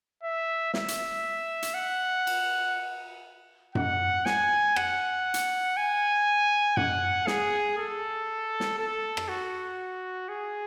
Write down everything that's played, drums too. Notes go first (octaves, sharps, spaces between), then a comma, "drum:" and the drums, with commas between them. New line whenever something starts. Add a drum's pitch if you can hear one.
E5
E5, drum: snare
drum: hi-hat
drum: hi-hat
F#5
drum: cymbal
F#5, drum: tom F#2
G#5, drum: snare
F#5, drum: rim click
drum: hi-hat
G#5
F#5, drum: tom F#2
G#4, drum: snare
A4
drum: snare
A4
drum: rim click
F#4
G#4